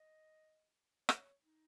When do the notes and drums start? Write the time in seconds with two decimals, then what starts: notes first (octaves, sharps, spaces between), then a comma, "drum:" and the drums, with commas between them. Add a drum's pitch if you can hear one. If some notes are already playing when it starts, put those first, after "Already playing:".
Already playing: D#5
1.09 C#5, drum: rim click
1.43 D#4